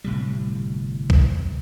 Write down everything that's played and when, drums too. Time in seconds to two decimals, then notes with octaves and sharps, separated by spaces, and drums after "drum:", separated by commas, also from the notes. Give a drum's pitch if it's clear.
0.04 G1 A2 C3 G3
1.10 drum: kick